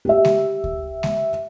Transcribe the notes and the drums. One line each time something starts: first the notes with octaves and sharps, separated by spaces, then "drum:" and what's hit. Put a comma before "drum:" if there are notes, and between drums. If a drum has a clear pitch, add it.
G4 E5
drum: snare G#3
drum: kick D2
drum: snare G#3